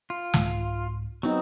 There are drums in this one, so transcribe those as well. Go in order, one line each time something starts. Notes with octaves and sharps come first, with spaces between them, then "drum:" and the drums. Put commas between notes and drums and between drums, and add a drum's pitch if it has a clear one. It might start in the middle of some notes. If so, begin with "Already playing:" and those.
F4
C2 G#2, drum: snare
F#3 B3 C4 D#4